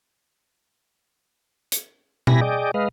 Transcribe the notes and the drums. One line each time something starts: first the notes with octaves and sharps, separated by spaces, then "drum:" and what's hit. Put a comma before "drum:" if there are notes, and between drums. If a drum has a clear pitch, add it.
drum: hi-hat
B2 E4 G4 G#5 B5 A#6, drum: tom B2
G#4 D5 D#5 G5
G#3 B4 D#5 F5